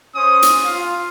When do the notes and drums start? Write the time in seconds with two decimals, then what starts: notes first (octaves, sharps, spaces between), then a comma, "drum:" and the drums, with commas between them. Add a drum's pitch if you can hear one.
0.15 C#4 C5 D#6
0.42 drum: hi-hat
0.65 F4 F5